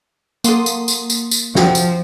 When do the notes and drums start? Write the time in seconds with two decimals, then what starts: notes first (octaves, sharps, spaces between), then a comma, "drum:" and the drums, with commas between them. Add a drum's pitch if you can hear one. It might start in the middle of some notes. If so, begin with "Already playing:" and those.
0.44 F#3 A#3 A4 C6 D#6, drum: tambourine
0.66 drum: tambourine
0.88 drum: tambourine
1.10 drum: tambourine
1.31 drum: tambourine
1.55 F3 C4 F#5, drum: snare
1.75 drum: tambourine